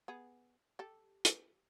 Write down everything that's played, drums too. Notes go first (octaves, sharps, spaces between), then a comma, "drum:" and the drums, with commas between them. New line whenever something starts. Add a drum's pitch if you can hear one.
B3 G#4
G4 A4
drum: hi-hat